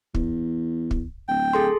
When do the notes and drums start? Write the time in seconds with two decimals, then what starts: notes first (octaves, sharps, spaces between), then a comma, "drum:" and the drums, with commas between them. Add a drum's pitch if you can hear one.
0.15 E2, drum: kick
0.91 drum: kick
1.29 D1 G5
1.53 G#4 A4 C6